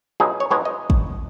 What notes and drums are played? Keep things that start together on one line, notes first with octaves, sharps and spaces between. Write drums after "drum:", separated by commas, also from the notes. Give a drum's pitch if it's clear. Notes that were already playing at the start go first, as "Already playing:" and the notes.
B2 F#3 D#4 G#4
C#5
B2 G#3 B3 D#4 C#5
D#5
drum: kick